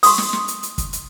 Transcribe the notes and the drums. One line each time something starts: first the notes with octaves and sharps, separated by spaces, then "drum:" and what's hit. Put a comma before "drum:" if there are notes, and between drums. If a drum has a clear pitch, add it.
C6 C#6 D#6, drum: open hi-hat
drum: snare
drum: snare
drum: hi-hat
drum: hi-hat
drum: kick, hi-hat
drum: hi-hat